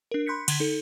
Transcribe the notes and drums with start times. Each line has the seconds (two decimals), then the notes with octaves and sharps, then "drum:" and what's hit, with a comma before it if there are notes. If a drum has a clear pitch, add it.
0.11 D4 A#4
0.26 B5 C6 F#6 G6 B6 C#7
0.48 D3 G#6 B6, drum: cymbal
0.60 D#4 A4